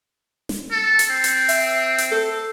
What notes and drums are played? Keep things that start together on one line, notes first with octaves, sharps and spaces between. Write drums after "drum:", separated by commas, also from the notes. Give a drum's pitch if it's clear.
drum: snare
A4
drum: hi-hat
C4
drum: hi-hat
E5, drum: open hi-hat
drum: hi-hat
A4